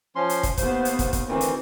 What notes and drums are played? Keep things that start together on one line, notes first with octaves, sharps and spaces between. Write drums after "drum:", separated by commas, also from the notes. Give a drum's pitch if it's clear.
F3 C#4 C6
drum: hi-hat
drum: kick, hi-hat
D#2 B3 C5, drum: kick, hi-hat
drum: hi-hat
drum: kick, hi-hat
drum: kick, hi-hat
D2 D#3 E3 C4
drum: hi-hat